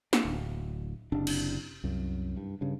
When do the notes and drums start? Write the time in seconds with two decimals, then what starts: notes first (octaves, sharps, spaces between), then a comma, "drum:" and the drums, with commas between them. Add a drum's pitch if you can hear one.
0.13 D4, drum: snare
0.25 D1
1.12 F#1 C3 D4
1.27 drum: cymbal
1.84 C2 F#2
2.37 G2
2.61 G2 C#3